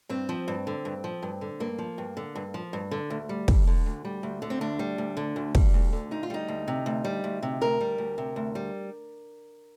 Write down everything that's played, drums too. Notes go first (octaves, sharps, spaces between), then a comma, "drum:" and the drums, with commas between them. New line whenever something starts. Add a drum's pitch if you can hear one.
G2 C4
F3
G2
D3
G2
F3
G2
D3
G2 A#3
F3
G2
D3
G2
F3
G2
D3
D2
G3
D2, drum: kick
D3
D2
G3
D2
D3
C4
D2 D4
G3
D2
D3
D2
G3, drum: kick
D2
D3
D2 D#4
F4
G3 D#4
D2
C3
D2
G3
D2
C3
D2 A#4
G3
D2
C3
D2
G3